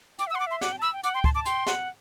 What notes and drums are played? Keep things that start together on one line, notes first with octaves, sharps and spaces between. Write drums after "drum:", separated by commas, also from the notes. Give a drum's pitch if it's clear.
G5 D6, drum: hi-hat
E5
E6
F#5 C6
D6
E5 C6
F#5 D6, drum: snare
G5
A5
B5 E6
G5
F#5 D6, drum: hi-hat
G5 C6
A5 C6, drum: kick C#2
A5 D6
G5 C6, drum: hi-hat
F#5, drum: snare